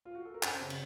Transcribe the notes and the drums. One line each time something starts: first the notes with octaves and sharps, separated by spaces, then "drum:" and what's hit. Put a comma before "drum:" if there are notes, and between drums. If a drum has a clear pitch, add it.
F4
F#4
A4
A#4
F#2 C5, drum: clap
C#3
drum: cymbal